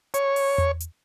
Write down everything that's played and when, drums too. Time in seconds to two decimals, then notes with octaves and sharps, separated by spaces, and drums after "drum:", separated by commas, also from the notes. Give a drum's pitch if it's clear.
0.14 C#5, drum: hi-hat
0.36 drum: open hi-hat
0.58 drum: tom E2
0.80 drum: hi-hat